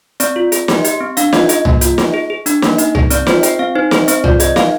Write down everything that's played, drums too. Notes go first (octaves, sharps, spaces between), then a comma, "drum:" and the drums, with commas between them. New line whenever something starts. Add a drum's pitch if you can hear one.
C4 D5, drum: hi-hat
F4
G#4, drum: hi-hat
G4, drum: snare
G4, drum: hi-hat
C4
D4 F5, drum: hi-hat
F4 D#5, drum: snare
G#4 D#5, drum: hi-hat
A#3, drum: tom C2
F4, drum: hi-hat
G#4, drum: snare
G#4
G#4
D4, drum: hi-hat
A#3, drum: snare
D#4, drum: hi-hat
G#4, drum: tom C2
C4 D5, drum: hi-hat
F4 C5, drum: snare
G#4 G5, drum: hi-hat
C4 F5
D#4 C5
G#4 C5, drum: snare
C4 C5, drum: hi-hat
F4 D5, drum: tom C2
G#4 D#5, drum: hi-hat
G#4 F5, drum: snare